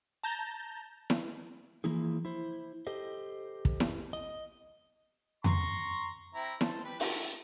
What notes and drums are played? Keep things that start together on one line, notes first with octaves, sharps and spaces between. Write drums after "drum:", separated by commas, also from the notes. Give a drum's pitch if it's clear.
A5 A#5 G6
drum: snare E4
E3 F3 A#3 E4 G#4
E4 C5
G4 A4 C5 D#5
drum: kick
drum: snare E4
D#5
A#5 C6 C#6, drum: tom F2
C4 E4 A#5
A4 C5, drum: snare E4
G4 B4
A3 E5, drum: open hi-hat